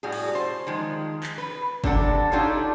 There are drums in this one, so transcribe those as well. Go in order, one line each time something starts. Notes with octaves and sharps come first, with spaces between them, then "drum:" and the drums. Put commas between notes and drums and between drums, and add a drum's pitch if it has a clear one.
A2 G3 F#4 G#4
drum: cymbal
C5
D#3 F3 G#3
drum: clap
B4
C3 D4 A4 F#5, drum: kick
D4 D#4 F4 G4 A4 C#5